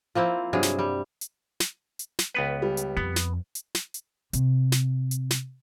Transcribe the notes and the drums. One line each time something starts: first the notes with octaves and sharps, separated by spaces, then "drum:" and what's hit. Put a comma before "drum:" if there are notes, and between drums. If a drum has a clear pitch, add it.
F3 A#3 C4 E4
G2 C3 F#3 G#4
drum: snare
G3
drum: hi-hat
drum: snare
drum: hi-hat
drum: snare
C#2 B3 B4
G3
drum: hi-hat
F2 B3
drum: snare
drum: hi-hat
drum: snare
drum: hi-hat
C3, drum: hi-hat
drum: snare
drum: hi-hat
drum: snare